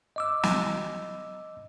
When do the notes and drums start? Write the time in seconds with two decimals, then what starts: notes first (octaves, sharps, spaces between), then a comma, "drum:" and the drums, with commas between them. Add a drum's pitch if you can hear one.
0.16 D#5 D6 E6
0.43 drum: snare